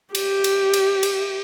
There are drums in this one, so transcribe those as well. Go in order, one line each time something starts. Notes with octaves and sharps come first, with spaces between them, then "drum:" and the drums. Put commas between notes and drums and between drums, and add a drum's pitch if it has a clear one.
G4, drum: cymbal
drum: cymbal
drum: cymbal
drum: cymbal